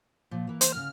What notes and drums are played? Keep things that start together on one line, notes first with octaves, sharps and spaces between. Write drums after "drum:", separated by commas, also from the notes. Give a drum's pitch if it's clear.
A#2 F3
E3 A#3
C5, drum: hi-hat
D2 A2 C#3 F6